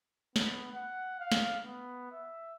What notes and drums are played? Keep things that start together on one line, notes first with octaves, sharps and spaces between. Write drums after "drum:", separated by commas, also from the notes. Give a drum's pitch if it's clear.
B3, drum: snare
F#5
F5
drum: snare
B3
E5